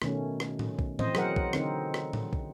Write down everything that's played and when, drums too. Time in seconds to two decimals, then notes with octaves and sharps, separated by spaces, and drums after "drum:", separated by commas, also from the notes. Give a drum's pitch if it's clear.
0.02 B2 D#3 A3 C#4, drum: rim click
0.40 drum: rim click
0.59 drum: tom
0.79 drum: kick
0.99 E3 C4 C5 D#5, drum: tom
1.15 F#3 G#4 A#4 C5 F#5, drum: rim click
1.36 drum: kick
1.53 D3 C4 D#4 C5, drum: rim click
1.94 drum: rim click
2.13 drum: tom
2.33 drum: kick